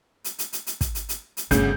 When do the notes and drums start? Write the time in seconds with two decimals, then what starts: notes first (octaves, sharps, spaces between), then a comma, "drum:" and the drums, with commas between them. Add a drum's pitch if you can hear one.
0.24 drum: hi-hat
0.39 drum: hi-hat
0.53 drum: hi-hat
0.67 drum: hi-hat
0.81 drum: kick, hi-hat
0.95 drum: hi-hat
1.09 drum: hi-hat
1.37 drum: hi-hat
1.51 G1 D2 C#3 G6, drum: hi-hat